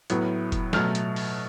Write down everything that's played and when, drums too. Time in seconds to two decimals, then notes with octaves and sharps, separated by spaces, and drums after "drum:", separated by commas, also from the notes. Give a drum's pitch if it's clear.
0.10 A2 F#3 B3, drum: hi-hat
0.52 drum: kick, hi-hat
0.73 B2 F#3 A3 F6, drum: snare
0.95 drum: hi-hat
1.16 drum: open hi-hat